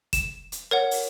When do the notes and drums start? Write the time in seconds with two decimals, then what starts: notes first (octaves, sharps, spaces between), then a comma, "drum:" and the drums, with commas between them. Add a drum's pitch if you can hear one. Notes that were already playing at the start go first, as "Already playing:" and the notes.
0.13 E7, drum: kick, hi-hat
0.52 drum: hi-hat
0.71 A#4 C#5 F#5
0.91 drum: open hi-hat